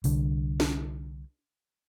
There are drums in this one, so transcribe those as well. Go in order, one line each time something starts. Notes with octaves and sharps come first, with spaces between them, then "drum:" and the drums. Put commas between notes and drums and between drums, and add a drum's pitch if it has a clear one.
C2 D3, drum: open hi-hat
drum: snare